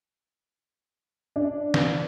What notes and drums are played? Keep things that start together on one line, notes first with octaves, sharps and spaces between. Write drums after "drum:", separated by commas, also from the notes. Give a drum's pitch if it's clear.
D4
drum: snare